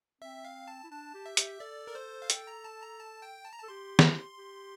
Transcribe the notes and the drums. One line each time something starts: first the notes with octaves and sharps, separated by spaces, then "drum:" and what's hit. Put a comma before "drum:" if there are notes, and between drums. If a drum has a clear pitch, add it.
C4 E5
F5
A5
E4
D4 A5
G4
E5
G4, drum: hi-hat
A4 D5
A#4
C5
F5
G5, drum: hi-hat
A#5
A5
A#5
A5
G5
A5
A#5
A4 A5
G4 C6
drum: snare
G4